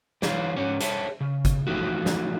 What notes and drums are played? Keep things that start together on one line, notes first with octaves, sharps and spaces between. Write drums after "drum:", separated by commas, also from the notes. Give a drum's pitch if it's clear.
E3 E4 C#5 F5, drum: snare
G#2 C#4 C#5
G#4 C5 C#5 E5 A5, drum: hi-hat
C#3
drum: kick G1, hi-hat
E3 F3 A3 D#4 E4 F#4
drum: snare